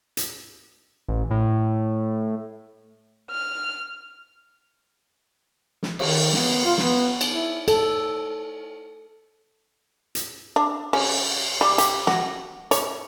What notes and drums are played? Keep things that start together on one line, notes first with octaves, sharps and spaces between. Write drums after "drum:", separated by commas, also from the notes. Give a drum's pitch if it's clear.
drum: hi-hat
A1
A2
F6
drum: snare
D#3, drum: cymbal
B3, drum: snare
F4
B3, drum: snare
drum: cymbal
E4
A4, drum: cymbal
drum: hi-hat
D4
C#4, drum: cymbal
G3
G4, drum: hi-hat
F#4, drum: snare
C#5, drum: hi-hat